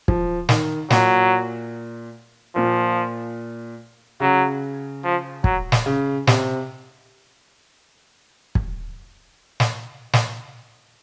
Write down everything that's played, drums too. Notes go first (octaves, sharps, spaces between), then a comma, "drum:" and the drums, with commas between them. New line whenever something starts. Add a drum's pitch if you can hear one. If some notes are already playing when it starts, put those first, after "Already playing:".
F3, drum: kick
D#3, drum: snare
A#2 F#3, drum: snare
A#2 F3
C#3 F#3
F3
F#3, drum: kick
drum: snare
C#3
C3, drum: snare
drum: kick
drum: snare
drum: snare